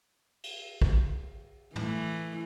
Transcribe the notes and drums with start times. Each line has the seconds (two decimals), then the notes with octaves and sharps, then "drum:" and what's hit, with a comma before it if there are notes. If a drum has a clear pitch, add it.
0.44 drum: cymbal
0.82 drum: kick
1.76 E3 A3, drum: tom